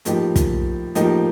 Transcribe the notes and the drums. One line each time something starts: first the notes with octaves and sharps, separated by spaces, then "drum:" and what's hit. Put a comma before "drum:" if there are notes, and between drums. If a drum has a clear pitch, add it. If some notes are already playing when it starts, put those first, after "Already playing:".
A2 F3 A#3 D#4 G4, drum: hi-hat
drum: kick, hi-hat
A2 F3 A#3 D#4 G4, drum: hi-hat